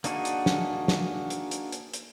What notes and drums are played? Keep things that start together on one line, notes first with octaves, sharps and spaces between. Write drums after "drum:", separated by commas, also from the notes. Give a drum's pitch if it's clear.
A#3 D4 D#4 F#4 G#4, drum: hi-hat
drum: hi-hat
drum: snare
drum: snare
drum: hi-hat
drum: hi-hat
drum: hi-hat
drum: hi-hat